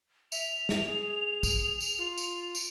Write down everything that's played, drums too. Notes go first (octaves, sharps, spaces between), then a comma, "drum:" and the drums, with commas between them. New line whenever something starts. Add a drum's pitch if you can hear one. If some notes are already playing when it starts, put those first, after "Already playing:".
E5 F7, drum: tambourine
drum: snare
G#4
drum: kick, tambourine
drum: tambourine
F4
drum: tambourine
drum: tambourine